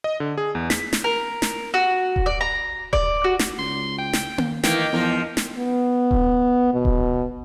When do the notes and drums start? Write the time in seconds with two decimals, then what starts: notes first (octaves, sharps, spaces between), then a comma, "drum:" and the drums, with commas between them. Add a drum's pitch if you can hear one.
0.04 D#5
0.20 D3
0.38 G#4
0.55 E2
0.70 B6, drum: snare
0.93 drum: snare
1.04 A#4
1.42 drum: snare
1.74 F#4
2.16 drum: kick D#1
2.26 D5
2.41 A#5
2.93 D5, drum: kick D#1
3.24 F#4
3.39 drum: snare
3.59 C#2 C6
3.98 G5
4.13 drum: snare
4.38 drum: tom A#3
4.64 D#3 E3 A#3 G5, drum: snare
4.92 E2 G#2 F3 A#4
5.37 drum: snare
5.58 B3
6.11 drum: kick D#1
6.74 B2
6.85 drum: kick D#1